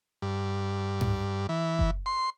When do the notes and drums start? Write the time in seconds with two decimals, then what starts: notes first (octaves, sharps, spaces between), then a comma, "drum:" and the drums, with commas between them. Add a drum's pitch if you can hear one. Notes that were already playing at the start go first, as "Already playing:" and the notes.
0.22 G2
1.01 drum: tom G#2
1.49 E3
1.79 drum: kick F#1
2.06 C6